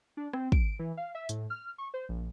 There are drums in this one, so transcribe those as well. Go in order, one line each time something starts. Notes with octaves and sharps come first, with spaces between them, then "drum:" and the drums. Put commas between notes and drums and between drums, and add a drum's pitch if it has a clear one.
D4
C4, drum: rim click
D7, drum: kick
E3
F5
E5
A2, drum: hi-hat
F6
C#6
C5
A#1